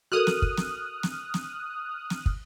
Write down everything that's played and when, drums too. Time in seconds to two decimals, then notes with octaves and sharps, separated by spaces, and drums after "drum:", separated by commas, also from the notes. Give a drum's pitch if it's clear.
0.12 F#4 A4 A#4 D#6 F6 F#6
0.27 drum: snare
0.42 drum: kick
0.57 drum: snare
1.03 drum: snare
1.34 drum: snare
2.10 drum: snare
2.26 drum: kick